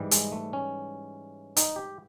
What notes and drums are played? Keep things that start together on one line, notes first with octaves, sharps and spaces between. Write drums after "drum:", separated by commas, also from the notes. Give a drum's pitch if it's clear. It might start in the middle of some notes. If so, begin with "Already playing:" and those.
Already playing: G#2 E3 G3
G#3, drum: hi-hat
A3
C#4
D#4, drum: hi-hat
G4